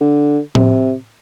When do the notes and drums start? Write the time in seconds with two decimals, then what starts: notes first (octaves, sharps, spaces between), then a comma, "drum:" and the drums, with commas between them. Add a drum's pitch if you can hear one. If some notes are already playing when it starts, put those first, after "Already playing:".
0.01 D3
0.55 C3, drum: tom A2